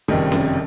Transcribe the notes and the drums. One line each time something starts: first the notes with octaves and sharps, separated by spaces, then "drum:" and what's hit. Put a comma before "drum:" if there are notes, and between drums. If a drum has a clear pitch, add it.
F#1 F2 C3 D#3 G3
drum: snare C#4